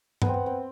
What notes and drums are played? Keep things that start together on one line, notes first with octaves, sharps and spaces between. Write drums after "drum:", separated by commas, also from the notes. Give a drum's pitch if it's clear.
B3, drum: tom G2
C4
B3
C4